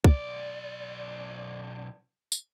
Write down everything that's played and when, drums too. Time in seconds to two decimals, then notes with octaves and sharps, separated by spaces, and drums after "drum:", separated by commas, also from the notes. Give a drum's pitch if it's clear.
0.04 B1 D5, drum: kick
2.32 drum: tambourine